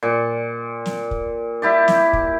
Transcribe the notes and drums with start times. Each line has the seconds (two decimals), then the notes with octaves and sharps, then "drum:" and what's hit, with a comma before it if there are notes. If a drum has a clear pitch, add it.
0.03 A#2
0.86 drum: snare
1.11 drum: kick
1.62 E4 G4 D5
1.88 drum: snare
2.13 drum: kick